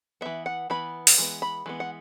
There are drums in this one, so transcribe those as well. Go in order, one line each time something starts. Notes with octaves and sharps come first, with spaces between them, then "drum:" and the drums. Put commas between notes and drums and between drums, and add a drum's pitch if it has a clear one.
E3 B3 E5
F#5
E3 B3 B5
drum: open hi-hat
E3 G#3 B3
B5
E3 G#3 B3
F#5